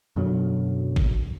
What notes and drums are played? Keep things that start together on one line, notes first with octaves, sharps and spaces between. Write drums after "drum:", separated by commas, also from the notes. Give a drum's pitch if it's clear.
F#2 B2 D3 F#3
drum: kick